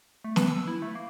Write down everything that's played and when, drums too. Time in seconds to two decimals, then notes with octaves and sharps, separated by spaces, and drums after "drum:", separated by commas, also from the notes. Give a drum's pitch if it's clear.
0.24 A3
0.36 B4, drum: snare
0.47 E6
0.68 E4
0.82 A3
0.95 A#3